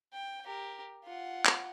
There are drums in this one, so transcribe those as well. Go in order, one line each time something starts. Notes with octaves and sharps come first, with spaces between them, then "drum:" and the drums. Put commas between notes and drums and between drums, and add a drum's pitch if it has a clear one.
G5
G4 A#4
F4 F#5
drum: clap